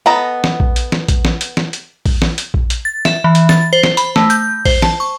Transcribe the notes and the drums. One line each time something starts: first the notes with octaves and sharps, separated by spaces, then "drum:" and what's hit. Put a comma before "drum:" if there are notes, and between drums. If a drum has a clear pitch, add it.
B3 A4 D#5 A#5
drum: snare
drum: kick A#1
drum: hi-hat
drum: snare
drum: kick A#1, hi-hat
drum: snare
drum: hi-hat
drum: snare
drum: hi-hat
drum: kick A#1, open hi-hat
drum: snare
drum: hi-hat
drum: kick A#1
drum: hi-hat
A6
E5, drum: snare
E3
drum: hi-hat
A6, drum: snare
C5
drum: snare
B5, drum: hi-hat
A3, drum: snare
G6, drum: hi-hat
C5, drum: kick A#1, open hi-hat
A5, drum: snare
C#6